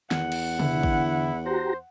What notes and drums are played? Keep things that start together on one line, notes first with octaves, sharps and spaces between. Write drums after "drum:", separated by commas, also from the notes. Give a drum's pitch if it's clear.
E2 F#5, drum: snare
drum: cymbal
D3 E4, drum: tom C3
drum: kick
F#4 G4 C5 A#5